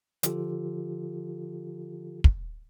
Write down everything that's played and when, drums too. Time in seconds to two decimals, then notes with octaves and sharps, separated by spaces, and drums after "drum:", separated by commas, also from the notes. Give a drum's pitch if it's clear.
0.23 D3 F3 F4 G4 A4, drum: hi-hat
2.24 drum: kick